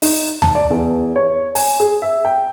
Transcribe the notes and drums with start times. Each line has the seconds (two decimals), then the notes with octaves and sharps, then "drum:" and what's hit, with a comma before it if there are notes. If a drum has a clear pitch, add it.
0.02 D#4, drum: open hi-hat
0.42 A5, drum: tom D2
0.55 D5
0.70 E2
1.16 C#5
1.55 G#5, drum: open hi-hat
1.80 G#4
2.02 E5
2.25 G5